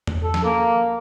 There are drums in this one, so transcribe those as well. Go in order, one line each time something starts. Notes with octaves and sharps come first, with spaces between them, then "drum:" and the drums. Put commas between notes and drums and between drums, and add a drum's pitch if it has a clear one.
drum: tom E2
A4
drum: snare
A#3